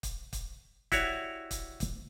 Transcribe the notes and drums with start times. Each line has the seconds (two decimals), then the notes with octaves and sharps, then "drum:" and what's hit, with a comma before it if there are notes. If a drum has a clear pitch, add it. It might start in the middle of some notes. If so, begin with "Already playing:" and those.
0.03 drum: kick, hi-hat
0.33 drum: kick, hi-hat
0.92 E4 F#4 G4 C#5 D5, drum: kick, hi-hat
1.51 drum: kick, hi-hat
1.80 drum: kick, hi-hat